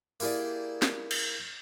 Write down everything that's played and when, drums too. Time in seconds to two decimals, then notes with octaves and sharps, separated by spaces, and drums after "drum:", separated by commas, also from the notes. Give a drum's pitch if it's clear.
0.20 A#3 E4 G4 G#4 D5, drum: open hi-hat
0.82 drum: snare
1.11 drum: cymbal